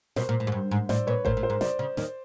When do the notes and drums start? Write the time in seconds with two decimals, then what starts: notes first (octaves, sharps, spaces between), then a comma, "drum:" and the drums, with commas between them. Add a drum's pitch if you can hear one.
0.16 B2 A#4 C5, drum: snare
0.29 A#2
0.40 A2
0.47 G#2
0.52 G2
0.71 G#2
0.89 A2 C5 D5, drum: snare
1.07 A#2 B4 C#5
1.25 A2 A#4 C5, drum: kick G#1
1.37 A2
1.43 A#4 C5
1.50 G#2
1.61 C#3 C5 D5, drum: snare
1.79 C#3
1.97 D#2 D#3, drum: snare